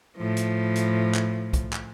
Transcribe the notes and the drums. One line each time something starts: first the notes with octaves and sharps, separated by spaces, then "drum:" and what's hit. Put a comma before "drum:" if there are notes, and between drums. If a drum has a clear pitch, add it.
A2 F3
drum: hi-hat
drum: hi-hat
drum: clap
drum: kick C2, hi-hat
drum: clap